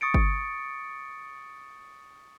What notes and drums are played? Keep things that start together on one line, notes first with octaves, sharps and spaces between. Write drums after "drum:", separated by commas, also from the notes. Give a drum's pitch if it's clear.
C#6 D#6 A6 C#7 D7
drum: kick G1